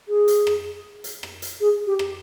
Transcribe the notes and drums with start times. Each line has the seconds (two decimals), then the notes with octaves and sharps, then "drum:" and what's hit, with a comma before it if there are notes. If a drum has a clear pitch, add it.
0.08 G#4
0.28 drum: hi-hat
0.47 drum: rim click
1.04 drum: hi-hat
1.23 drum: rim click
1.42 drum: hi-hat
1.61 G#4
1.87 G4
1.99 drum: rim click